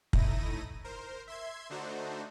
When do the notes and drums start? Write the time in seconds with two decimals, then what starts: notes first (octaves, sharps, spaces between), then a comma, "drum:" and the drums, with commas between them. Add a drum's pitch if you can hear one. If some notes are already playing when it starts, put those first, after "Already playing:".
0.13 A2 A3 D#4 E4 A#6 D#7, drum: kick
0.84 A#4 C5
1.27 E5 C6 G#6
1.70 D3 A3 D4 D#4 F#4 C5